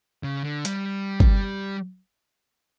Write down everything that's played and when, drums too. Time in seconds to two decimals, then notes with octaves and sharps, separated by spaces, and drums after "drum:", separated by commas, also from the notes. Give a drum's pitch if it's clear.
0.23 C#3
0.44 D3
0.65 G3, drum: hi-hat
1.20 drum: kick